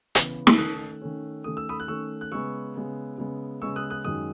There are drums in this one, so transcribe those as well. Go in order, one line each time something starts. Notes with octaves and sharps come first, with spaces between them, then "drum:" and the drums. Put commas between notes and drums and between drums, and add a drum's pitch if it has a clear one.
C#3 E3 B3, drum: hi-hat
E6, drum: snare
D#3 A3 C#4 D#6 F#6
D#3 A3 C#4
D#3 A3 C#4 D#6
E6
B5 D#6
F#6
D#3 A3 C#4 C#6 E6
F#6
C#3 G#3 B3 C#6 E6
C#3 G#3 B3
C#3 G#3 B3
C#3 G#3 B3 C#6 E6
D#6 F#6
D#6 F#6
F#2 D#3 G#3 D#6 F#6